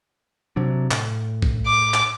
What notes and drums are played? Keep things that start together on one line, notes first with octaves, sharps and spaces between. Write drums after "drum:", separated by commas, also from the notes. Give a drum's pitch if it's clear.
C3 F#3 D4
A2, drum: clap
drum: kick A#1
D6
drum: clap